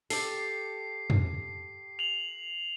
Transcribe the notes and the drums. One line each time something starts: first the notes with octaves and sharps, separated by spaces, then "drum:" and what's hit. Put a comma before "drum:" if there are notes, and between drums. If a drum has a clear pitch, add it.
G4 A4 C7, drum: open hi-hat
drum: tom
F7 F#7